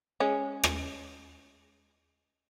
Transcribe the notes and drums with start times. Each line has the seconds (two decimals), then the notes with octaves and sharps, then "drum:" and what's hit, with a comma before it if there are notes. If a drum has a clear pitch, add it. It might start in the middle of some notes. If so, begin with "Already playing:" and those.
0.20 G#3 C#4
0.64 drum: rim click